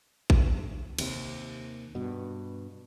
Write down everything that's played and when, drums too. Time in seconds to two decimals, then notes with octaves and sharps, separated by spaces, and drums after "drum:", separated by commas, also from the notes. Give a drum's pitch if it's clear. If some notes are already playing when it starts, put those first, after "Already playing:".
0.30 drum: kick A1
0.98 D#2 C3, drum: cymbal
1.95 G2 B2